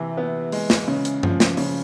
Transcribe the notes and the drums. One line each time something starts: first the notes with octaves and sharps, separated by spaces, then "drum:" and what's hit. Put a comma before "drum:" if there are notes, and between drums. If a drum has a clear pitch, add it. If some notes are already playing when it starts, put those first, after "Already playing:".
Already playing: C3 E3
B3
G#3, drum: open hi-hat
drum: snare
C#3
drum: hi-hat
F3, drum: tom G2
drum: snare
C#3, drum: open hi-hat